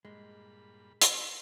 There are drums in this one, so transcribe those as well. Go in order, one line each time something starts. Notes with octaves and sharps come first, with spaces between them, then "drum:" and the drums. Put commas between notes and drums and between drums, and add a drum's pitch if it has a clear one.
G2 A#2 G#3 B5
drum: hi-hat